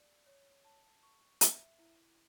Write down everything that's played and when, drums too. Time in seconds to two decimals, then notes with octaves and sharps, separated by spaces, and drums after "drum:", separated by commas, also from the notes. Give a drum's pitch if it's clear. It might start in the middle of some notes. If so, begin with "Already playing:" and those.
Already playing: D5
0.26 C#5
0.65 A5
1.03 C#6
1.41 E5, drum: hi-hat
1.79 E4